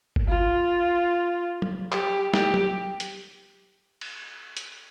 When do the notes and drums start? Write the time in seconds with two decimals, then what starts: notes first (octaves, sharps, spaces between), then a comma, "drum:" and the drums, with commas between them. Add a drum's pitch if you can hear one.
0.16 drum: kick G1
0.28 F4
1.62 drum: tom
1.92 G4, drum: clap
2.34 G4, drum: snare
2.54 drum: tom
3.00 drum: hi-hat
4.01 drum: cymbal
4.57 drum: hi-hat